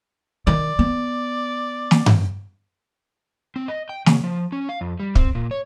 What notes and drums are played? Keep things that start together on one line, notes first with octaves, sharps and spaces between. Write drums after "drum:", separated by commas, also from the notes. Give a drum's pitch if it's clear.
D#3 D5
B3
drum: snare
drum: tom G2
C4
D#5
G5
C#3, drum: snare
F3
C#4
F5
F2
G3
C4, drum: kick
A#2
C#5